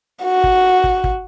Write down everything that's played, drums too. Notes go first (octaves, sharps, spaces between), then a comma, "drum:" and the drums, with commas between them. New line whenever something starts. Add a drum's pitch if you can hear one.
F#4
drum: kick
drum: kick
drum: kick